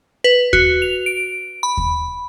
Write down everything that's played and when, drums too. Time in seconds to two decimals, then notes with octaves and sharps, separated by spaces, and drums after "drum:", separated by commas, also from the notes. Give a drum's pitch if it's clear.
0.24 B4
0.53 F#4, drum: kick D#2
0.82 F7
1.06 D7
1.63 B5
1.77 drum: kick D#2